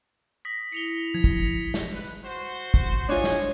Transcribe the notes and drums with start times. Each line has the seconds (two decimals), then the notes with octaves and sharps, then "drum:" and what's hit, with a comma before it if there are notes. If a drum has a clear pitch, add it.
0.45 D#6 A#6 B6
0.72 E4 C#7 F7 G7
1.14 F3 G#6
1.24 drum: kick
1.74 drum: snare
1.92 B4
2.24 F#4 C5
2.74 drum: kick
3.09 D4 F4 G#4 C#5 D#5 G#5
3.24 drum: snare